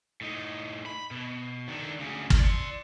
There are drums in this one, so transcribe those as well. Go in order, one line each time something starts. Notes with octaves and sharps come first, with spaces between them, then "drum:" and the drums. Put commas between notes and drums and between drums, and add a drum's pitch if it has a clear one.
A2 D#4
B5
B2
D#3 D4
D2 C#3
drum: kick
D5 C6